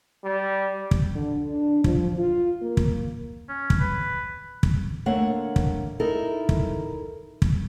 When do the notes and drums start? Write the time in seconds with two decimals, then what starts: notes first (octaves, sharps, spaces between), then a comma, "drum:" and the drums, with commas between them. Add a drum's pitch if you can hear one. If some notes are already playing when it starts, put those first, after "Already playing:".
0.24 G3
0.91 drum: kick
1.15 D3
1.50 D4
1.84 F3, drum: kick
2.18 F4
2.62 A#3
2.77 drum: kick
3.49 C#4
3.70 drum: kick
3.79 B4
4.63 drum: kick
5.06 D3 A3 A#3 C#5 F#5
5.56 drum: kick
6.00 D#4 E4 A4 A#4
6.49 drum: kick
7.42 drum: kick